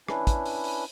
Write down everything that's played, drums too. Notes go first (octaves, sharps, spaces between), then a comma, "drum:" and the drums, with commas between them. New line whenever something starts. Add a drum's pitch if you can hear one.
C#4 D4 E4 B4, drum: rim click
drum: kick, hi-hat
drum: open hi-hat
drum: open hi-hat